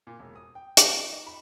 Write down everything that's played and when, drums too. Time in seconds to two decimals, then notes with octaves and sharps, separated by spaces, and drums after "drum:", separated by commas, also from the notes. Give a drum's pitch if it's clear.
0.07 A#2
0.19 E1
0.36 D#6
0.55 G5
0.77 A5, drum: hi-hat
0.94 F4
1.09 D#4
1.27 B5